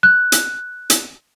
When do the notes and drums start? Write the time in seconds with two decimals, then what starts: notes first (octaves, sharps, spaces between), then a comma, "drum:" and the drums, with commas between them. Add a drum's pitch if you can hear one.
0.03 F#6
0.32 drum: hi-hat
0.90 drum: hi-hat